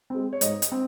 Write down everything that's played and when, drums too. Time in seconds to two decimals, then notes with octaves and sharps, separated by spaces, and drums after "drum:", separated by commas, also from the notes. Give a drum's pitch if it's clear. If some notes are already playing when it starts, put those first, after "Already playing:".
0.10 G#3 C4
0.33 C#5
0.41 G#2 D#5, drum: hi-hat
0.62 drum: hi-hat
0.72 C4